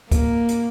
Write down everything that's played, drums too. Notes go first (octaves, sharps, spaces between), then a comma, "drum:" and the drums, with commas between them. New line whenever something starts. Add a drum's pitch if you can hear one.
A#3, drum: kick C#2, hi-hat
drum: hi-hat